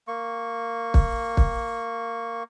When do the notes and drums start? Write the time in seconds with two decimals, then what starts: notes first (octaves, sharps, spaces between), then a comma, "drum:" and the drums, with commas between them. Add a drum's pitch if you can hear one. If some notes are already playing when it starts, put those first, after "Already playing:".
0.08 A#3 C#6
0.94 drum: kick
1.37 drum: kick